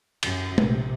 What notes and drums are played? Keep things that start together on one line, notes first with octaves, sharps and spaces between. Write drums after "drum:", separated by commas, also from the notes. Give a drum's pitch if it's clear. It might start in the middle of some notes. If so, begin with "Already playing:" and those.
F#2, drum: cymbal
A#1 C3, drum: tom